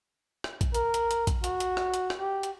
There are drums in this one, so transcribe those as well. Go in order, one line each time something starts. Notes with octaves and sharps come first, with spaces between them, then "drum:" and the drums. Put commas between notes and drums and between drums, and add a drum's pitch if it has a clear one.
drum: rim click
drum: kick, hi-hat
A#4, drum: hi-hat
drum: hi-hat
drum: hi-hat
drum: kick, hi-hat
F#4, drum: hi-hat
drum: hi-hat
drum: rim click
drum: hi-hat
drum: rim click
G4
drum: hi-hat